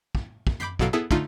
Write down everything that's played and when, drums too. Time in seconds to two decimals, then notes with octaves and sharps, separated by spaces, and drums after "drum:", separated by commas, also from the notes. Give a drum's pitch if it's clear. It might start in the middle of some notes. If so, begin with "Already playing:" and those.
0.15 drum: kick
0.47 drum: kick
0.60 B5 D6 G6 B6 C7, drum: tom
0.79 A1 B2 F#3 A4 F5 D7, drum: kick
0.93 B3 E4 G#4 A4
1.11 D3 A3 D#4 F4, drum: kick